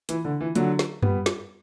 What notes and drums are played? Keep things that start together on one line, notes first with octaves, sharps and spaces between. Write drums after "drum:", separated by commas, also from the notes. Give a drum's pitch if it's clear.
E3, drum: hi-hat
D3
E3
D3 F#3, drum: hi-hat
drum: snare
G3 B3, drum: tom F#2
drum: snare